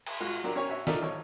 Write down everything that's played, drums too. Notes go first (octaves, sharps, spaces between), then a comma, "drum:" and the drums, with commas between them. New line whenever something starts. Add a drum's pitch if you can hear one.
drum: cymbal
G#3 F4 F#4
F#3 D4 G4 A#4
C#4 A#4 C#5 G#5
F#4 C#5 E5
D#4 F4 A4 A#4 D5 E5, drum: snare
G#1 C#5